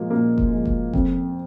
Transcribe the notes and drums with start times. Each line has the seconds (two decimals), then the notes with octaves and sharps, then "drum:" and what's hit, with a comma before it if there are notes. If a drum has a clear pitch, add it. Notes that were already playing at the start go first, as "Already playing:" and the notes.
Already playing: A#2 F3 G#3 A#3
0.10 A#2 A#3
0.38 drum: kick F1
0.51 F3 G#3
0.65 drum: kick F1
0.93 F2, drum: kick F1